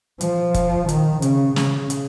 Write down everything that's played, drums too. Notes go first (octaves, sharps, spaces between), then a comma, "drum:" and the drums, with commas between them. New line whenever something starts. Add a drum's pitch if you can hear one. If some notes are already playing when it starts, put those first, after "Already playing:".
F3, drum: hi-hat
drum: kick, hi-hat
D#3, drum: hi-hat
C#3, drum: hi-hat
C#3, drum: snare
drum: hi-hat